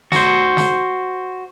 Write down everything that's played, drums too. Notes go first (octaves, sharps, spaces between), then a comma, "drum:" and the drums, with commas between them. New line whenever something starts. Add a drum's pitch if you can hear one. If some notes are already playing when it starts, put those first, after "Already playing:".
F#4 C5, drum: snare
drum: snare